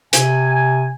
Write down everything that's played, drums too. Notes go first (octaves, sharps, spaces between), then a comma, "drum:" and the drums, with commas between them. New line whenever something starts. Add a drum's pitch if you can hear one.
C3 G#5, drum: hi-hat